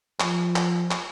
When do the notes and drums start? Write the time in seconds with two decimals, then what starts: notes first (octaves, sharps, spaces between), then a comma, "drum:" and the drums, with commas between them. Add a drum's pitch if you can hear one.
0.20 F3, drum: clap
0.56 drum: clap
0.91 drum: clap